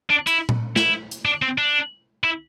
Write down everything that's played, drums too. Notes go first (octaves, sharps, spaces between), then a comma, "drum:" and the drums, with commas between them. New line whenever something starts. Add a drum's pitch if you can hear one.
D4
E4, drum: hi-hat
drum: tom A#2
E4, drum: snare
drum: hi-hat
D4
C4
D4
E4